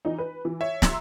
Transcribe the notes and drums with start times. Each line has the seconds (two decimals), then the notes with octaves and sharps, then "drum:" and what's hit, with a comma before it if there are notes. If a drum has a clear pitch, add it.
0.05 E3 D#4
0.18 B4
0.45 E3
0.61 C#5 E5
0.82 A#5 C6 E6, drum: snare